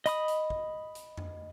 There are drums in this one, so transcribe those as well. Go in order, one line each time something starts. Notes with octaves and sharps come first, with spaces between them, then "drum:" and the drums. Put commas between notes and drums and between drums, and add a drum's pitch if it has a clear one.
D#5 B5 D#6, drum: hi-hat
drum: hi-hat
drum: kick
drum: hi-hat
drum: tom